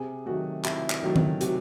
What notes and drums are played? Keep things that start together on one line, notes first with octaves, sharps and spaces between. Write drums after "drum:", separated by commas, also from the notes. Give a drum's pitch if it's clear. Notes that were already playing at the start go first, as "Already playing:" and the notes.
Already playing: C3 G#4
D#3 F#3 A3 F#4
C3 E4, drum: clap
drum: clap
D#3 F#3 A3
drum: tom D#3
C3 F#4, drum: hi-hat